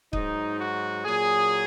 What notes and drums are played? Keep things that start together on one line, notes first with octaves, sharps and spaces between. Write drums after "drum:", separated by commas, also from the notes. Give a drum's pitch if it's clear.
G#2 F#3 D#4, drum: kick C#1
F#4
A#2 F#3 G#4